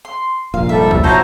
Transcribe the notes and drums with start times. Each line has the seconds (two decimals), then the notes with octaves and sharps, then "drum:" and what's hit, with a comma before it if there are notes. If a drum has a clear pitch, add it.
0.05 C6
0.54 F1 A#1 A#2 F5
0.69 G#2 G3 A4 E5
0.91 drum: kick
1.04 D#4 E4 F#4 C5 C#5 A5 A#5